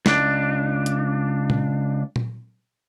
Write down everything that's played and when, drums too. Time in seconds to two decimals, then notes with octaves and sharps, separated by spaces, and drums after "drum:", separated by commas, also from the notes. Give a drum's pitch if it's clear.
0.06 C#2 D4, drum: snare
0.86 drum: hi-hat
1.50 drum: tom A#2
2.16 drum: tom A#2